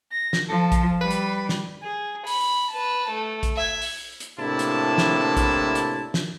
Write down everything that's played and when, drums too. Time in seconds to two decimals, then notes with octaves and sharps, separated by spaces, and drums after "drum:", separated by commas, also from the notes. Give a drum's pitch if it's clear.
0.12 A#6
0.33 drum: snare
0.49 F3 A4
0.72 drum: kick, hi-hat
1.01 G3 B4
1.10 drum: hi-hat
1.49 drum: snare
1.83 G#4
2.27 B5, drum: open hi-hat
2.71 B4 A5
3.11 A3
3.43 drum: kick, hi-hat
3.57 E5 G#6
3.82 drum: open hi-hat
4.20 drum: hi-hat
4.39 A2 C3 A#3 D4 E4 A5
4.59 drum: hi-hat
4.98 drum: snare
5.37 drum: kick, hi-hat
5.75 drum: hi-hat
6.14 drum: snare